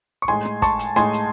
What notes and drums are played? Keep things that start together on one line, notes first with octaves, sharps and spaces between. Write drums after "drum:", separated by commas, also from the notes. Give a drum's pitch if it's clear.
C#6
A2 G#3 D#4 G#5 C6
drum: rim click
A5 C#6, drum: kick, hi-hat
drum: hi-hat
A2 G#3 D#4 G#5 C6, drum: hi-hat
drum: hi-hat